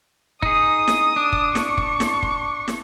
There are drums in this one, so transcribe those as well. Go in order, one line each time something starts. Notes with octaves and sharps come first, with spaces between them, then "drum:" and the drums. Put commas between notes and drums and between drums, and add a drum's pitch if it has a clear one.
D#4 G#4 D#6, drum: kick
drum: snare
D4
drum: kick
C#6, drum: snare
drum: kick
drum: snare
drum: kick
drum: snare